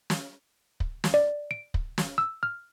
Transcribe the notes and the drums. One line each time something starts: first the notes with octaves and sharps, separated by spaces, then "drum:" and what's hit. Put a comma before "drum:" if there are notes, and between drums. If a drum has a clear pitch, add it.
drum: snare
drum: kick
drum: snare
D5
D7
drum: kick
drum: snare
E6
F6